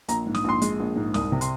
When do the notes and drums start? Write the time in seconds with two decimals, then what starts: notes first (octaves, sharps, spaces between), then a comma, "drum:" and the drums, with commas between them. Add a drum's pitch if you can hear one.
0.08 A#1 A#5, drum: hi-hat
0.27 G#2
0.35 D#6, drum: snare
0.44 A#1 C6
0.62 G#3, drum: hi-hat
0.80 A#1
0.96 G#2
1.14 C2 D#6, drum: snare
1.32 C3
1.41 C6, drum: hi-hat